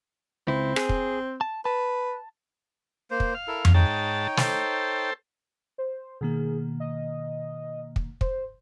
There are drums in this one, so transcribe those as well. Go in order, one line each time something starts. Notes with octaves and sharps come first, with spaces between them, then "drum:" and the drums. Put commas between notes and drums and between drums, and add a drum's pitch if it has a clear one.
C#2 C4 E4
G#4, drum: rim click
drum: kick
A5
B4 A5
A#3 C5
drum: kick
F5
E4 A4 A#4
drum: tom F2
G#2 D#4 C#5 G5 A5
A4 C5, drum: snare
C5
B2 D#3 A#3 G#4
D#5
drum: kick
C5, drum: kick